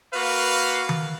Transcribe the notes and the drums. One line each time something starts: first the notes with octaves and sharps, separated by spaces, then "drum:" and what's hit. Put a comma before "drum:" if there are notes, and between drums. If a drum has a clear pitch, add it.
A#3 F#4 B4 F5
drum: tom D#3